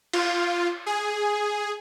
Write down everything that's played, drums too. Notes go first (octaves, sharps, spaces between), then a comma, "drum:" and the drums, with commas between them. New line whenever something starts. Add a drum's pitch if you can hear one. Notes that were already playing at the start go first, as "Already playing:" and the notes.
F4, drum: cymbal
G#4